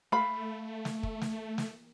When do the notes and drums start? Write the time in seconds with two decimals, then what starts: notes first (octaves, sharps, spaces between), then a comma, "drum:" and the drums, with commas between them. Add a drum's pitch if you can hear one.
0.12 A3 F5 B5
0.85 drum: snare
1.03 drum: kick
1.21 drum: snare
1.58 drum: snare